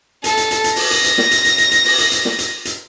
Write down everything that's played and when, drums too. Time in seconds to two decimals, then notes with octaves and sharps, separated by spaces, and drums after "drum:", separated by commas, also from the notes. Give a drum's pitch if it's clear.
0.24 A4, drum: hi-hat
0.37 drum: hi-hat
0.51 drum: hi-hat
0.64 drum: hi-hat
0.76 A#6, drum: open hi-hat
0.91 drum: hi-hat
1.04 drum: hi-hat
1.18 drum: snare
1.31 drum: hi-hat
1.45 drum: hi-hat
1.58 drum: hi-hat
1.71 drum: hi-hat
1.85 drum: open hi-hat
1.98 drum: hi-hat
2.12 drum: hi-hat
2.25 drum: snare
2.39 drum: hi-hat
2.65 drum: hi-hat